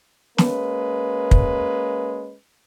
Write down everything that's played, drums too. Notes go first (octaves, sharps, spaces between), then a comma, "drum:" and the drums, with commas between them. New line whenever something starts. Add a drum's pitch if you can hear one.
G#3 A#3 C#4 B4, drum: snare
drum: kick